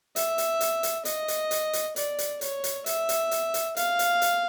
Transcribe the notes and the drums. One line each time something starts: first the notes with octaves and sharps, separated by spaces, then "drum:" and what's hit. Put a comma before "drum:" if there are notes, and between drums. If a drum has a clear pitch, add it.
E5, drum: hi-hat
drum: hi-hat
drum: hi-hat
drum: hi-hat
D#5, drum: hi-hat
drum: hi-hat
drum: hi-hat
drum: hi-hat
D5, drum: hi-hat
drum: hi-hat
C#5, drum: hi-hat
drum: hi-hat
E5, drum: hi-hat
drum: hi-hat
drum: hi-hat
drum: hi-hat
F5, drum: hi-hat
drum: hi-hat
drum: hi-hat